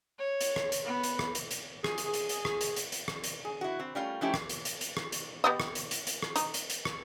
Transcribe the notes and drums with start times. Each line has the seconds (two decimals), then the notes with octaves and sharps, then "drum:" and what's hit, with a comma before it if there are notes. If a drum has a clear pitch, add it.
0.19 C#5
0.41 drum: hi-hat
0.56 drum: rim click
0.72 drum: hi-hat
0.85 B3
1.03 drum: hi-hat
1.19 drum: rim click
1.35 drum: hi-hat
1.51 drum: hi-hat
1.84 G#4, drum: rim click
1.98 drum: hi-hat
2.14 drum: hi-hat
2.29 drum: hi-hat
2.45 drum: rim click
2.61 drum: hi-hat
2.76 drum: hi-hat
2.92 drum: hi-hat
3.08 drum: rim click
3.24 drum: hi-hat
3.45 G#4
3.61 E4 F#4
3.79 C4
3.95 G3 A3 C#4 F4 A#4 F5
4.21 F3 A3 C#4 D#4 E4 G4
4.34 drum: rim click
4.49 drum: hi-hat
4.65 drum: hi-hat
4.81 drum: hi-hat
4.97 drum: rim click
5.12 drum: hi-hat
5.44 B3 G4 D#5
5.60 drum: rim click
5.75 drum: hi-hat
5.91 drum: hi-hat
6.07 drum: hi-hat
6.22 drum: rim click
6.36 D#4, drum: hi-hat
6.54 drum: hi-hat
6.70 drum: hi-hat
6.85 drum: rim click